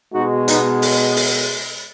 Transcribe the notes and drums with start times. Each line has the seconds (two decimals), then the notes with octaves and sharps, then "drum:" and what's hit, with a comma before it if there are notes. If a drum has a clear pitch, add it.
0.13 B2 G#3 D#4 F#4
0.48 B3 D#4, drum: hi-hat
0.82 drum: open hi-hat
1.16 drum: open hi-hat